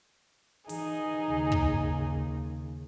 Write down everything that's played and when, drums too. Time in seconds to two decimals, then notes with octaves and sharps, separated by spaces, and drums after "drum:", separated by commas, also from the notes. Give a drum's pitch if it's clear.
0.69 E3 D#4 G#4, drum: open hi-hat
1.30 D#2 C#3
1.52 drum: kick